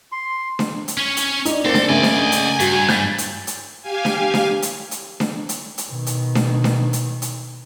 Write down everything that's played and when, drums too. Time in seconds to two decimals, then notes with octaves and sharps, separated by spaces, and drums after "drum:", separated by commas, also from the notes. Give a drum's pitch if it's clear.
0.12 C6
0.59 drum: snare D4
0.88 drum: hi-hat
0.98 C#4 C#5
1.17 drum: hi-hat
1.45 D#4 D5, drum: hi-hat
1.65 A#3 C4 D4 A4
1.74 drum: snare D4
1.89 C#3 A3 A#3 D5 D#5 G#5
2.03 drum: snare D4
2.32 drum: hi-hat
2.60 G2 F#4, drum: hi-hat
2.89 G6 A6 B6, drum: snare D4
3.18 drum: hi-hat
3.47 drum: hi-hat
3.81 G4 F5 G#5
4.05 drum: snare D4
4.34 drum: snare D4
4.62 drum: hi-hat
4.91 drum: hi-hat
5.20 drum: snare D4
5.49 drum: hi-hat
5.78 drum: hi-hat
5.90 B2 D#3
6.07 drum: hi-hat
6.35 drum: snare D4
6.64 drum: snare D4
6.93 drum: hi-hat
7.22 drum: hi-hat